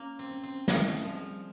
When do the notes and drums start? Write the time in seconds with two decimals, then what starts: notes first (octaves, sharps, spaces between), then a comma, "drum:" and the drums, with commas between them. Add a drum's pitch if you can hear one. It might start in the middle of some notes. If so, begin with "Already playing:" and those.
Already playing: A#3 C#4
0.19 C4
0.31 C#4
0.44 C4
0.68 G#3 C#4, drum: snare
1.05 F3 G3